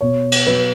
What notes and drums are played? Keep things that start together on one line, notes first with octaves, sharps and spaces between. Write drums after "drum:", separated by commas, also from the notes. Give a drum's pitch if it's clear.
B2 C#5
drum: cymbal
F#3 B4